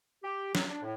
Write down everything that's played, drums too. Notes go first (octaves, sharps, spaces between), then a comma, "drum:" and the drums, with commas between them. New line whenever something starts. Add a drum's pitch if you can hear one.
G4
F#3, drum: snare
D4
A2